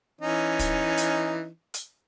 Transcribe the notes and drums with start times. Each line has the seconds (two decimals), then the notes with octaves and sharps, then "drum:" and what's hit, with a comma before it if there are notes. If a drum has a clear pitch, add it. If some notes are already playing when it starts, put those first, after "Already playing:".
0.21 E3 C#4 D#4
0.59 drum: kick, hi-hat
0.97 drum: hi-hat
1.74 drum: hi-hat